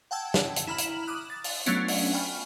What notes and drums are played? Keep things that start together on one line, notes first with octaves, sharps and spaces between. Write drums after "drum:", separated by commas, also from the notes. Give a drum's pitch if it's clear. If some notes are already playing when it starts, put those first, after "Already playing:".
F#5 G5 A5 E6 G#6
drum: snare
drum: hi-hat
E4 A#5 B5 F6 E7 F#7
drum: hi-hat
D6 D#6 F#6
A6
drum: open hi-hat
F#3 A3 B3 C#4 D4 F4, drum: hi-hat
drum: open hi-hat
G5 G#5 B5 C#6 F6